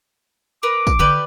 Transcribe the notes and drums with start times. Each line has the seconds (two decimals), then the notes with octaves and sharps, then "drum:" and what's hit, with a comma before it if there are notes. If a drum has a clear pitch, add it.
0.63 A#4 B4 D6
0.87 drum: kick, tambourine
0.99 D3 G4 B4 D5